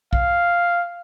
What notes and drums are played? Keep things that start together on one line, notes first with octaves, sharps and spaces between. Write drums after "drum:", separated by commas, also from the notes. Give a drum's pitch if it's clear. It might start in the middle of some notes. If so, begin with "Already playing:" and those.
F5, drum: kick